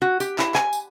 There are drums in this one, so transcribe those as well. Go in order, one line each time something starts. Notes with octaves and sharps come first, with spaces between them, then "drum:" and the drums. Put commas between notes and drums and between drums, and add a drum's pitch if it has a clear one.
F#4
G4, drum: tambourine
E4, drum: clap
G#5, drum: clap
drum: tambourine